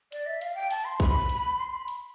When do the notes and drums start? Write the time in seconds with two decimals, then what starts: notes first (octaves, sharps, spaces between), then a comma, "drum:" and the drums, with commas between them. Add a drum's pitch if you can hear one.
0.12 D5, drum: hi-hat
0.26 E5
0.41 F5, drum: hi-hat
0.55 G5
0.71 A5, drum: open hi-hat
0.85 C6
1.00 B5, drum: kick, hi-hat
1.29 drum: hi-hat
1.58 C6
1.74 B5
1.88 drum: hi-hat